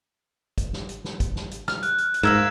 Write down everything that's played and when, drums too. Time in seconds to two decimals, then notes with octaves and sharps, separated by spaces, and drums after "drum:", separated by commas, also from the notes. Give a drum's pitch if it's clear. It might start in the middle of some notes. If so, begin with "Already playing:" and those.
0.58 drum: kick, hi-hat
0.73 drum: snare
0.89 drum: hi-hat
1.04 drum: snare
1.20 drum: kick, hi-hat
1.36 drum: snare
1.51 drum: hi-hat
1.68 F6, drum: snare
1.83 F#6, drum: hi-hat
1.98 drum: hi-hat
2.14 drum: hi-hat
2.23 G#2 A#4 E5 F5 E6 G#6 E7